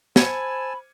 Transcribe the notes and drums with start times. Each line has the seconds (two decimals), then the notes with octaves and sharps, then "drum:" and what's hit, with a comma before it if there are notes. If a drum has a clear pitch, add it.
0.16 C5 G#5 A5 B5 E6 G#6 C#7 D#7, drum: snare